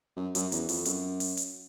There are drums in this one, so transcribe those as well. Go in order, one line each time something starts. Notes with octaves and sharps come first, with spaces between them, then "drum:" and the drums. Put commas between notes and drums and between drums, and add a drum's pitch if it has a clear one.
F#2
F#2, drum: hi-hat
E2, drum: hi-hat
F2, drum: open hi-hat
F#2, drum: hi-hat
drum: open hi-hat
drum: hi-hat